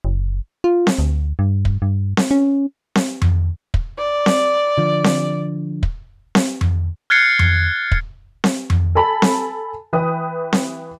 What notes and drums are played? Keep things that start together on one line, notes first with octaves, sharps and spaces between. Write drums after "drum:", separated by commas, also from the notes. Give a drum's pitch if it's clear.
F#1
F4
drum: snare C4
D2
G2
drum: kick
G2
drum: snare C4
C#4
drum: snare C4
drum: tom F2
drum: kick
D5
drum: snare C4
D3 F3
drum: snare C4
drum: kick
drum: snare C4
drum: tom F2
F6 F#6 G#6 A6 C7 C#7
drum: tom F2
drum: kick
drum: snare C4
drum: tom F2
A4 G#5 A5 B5
drum: snare C4
E3 B4 G5 D#6
drum: snare C4